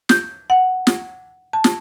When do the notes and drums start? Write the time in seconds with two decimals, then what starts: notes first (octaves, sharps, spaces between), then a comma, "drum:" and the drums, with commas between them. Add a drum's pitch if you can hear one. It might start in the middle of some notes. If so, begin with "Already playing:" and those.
0.09 G6, drum: snare
0.50 F#5
0.87 drum: snare
1.53 A5
1.64 drum: snare